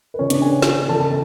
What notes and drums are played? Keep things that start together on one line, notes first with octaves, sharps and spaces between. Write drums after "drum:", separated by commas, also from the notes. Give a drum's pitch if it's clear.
B4
C#3 F3 C#4 C#5
D4 D5, drum: hi-hat
G#4 G#5
drum: snare
C#3 F3 A4 A5
A4 A5